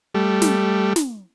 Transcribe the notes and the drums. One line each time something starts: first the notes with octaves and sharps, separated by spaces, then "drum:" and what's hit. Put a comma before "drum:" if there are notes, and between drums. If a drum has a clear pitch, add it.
G3 A3
drum: snare
drum: snare